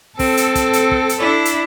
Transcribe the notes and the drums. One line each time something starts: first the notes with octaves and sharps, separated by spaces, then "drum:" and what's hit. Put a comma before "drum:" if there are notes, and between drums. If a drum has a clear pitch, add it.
C4 A4, drum: kick, open hi-hat
drum: hi-hat
drum: kick, hi-hat
drum: hi-hat
drum: kick
drum: hi-hat
D4 E4
drum: hi-hat